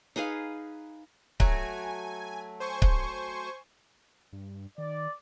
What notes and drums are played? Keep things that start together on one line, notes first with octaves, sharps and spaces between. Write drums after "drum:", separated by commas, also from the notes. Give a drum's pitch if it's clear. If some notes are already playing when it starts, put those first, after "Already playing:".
D#4 G#4 B4 F5
F#3 A3 G#5, drum: kick C#1
C5 G#5 C#6
drum: kick C#1
G2
D#3 D5